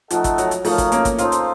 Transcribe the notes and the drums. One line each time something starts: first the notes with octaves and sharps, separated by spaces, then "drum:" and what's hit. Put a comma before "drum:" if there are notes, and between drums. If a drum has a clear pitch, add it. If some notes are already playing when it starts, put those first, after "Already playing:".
F3 A3 D#4 A4 D#5 F#5, drum: hi-hat
drum: kick, hi-hat
F#3, drum: hi-hat
drum: hi-hat
F3 A3 D#4 A#4 C#5 F5, drum: open hi-hat
drum: kick, hi-hat
A#3 C#4, drum: hi-hat
drum: kick, hi-hat
C#4 D#4 F4 A4 C5 F5, drum: hi-hat
drum: hi-hat